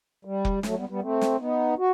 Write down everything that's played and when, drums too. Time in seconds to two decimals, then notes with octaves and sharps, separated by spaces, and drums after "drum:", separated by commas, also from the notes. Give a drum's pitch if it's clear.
0.25 G3
0.45 drum: kick F1
0.63 F#3 A3, drum: snare
0.77 G3 B3
0.89 G3 B3
1.02 A3 C4
1.21 drum: snare
1.40 B3 D#4
1.78 F#4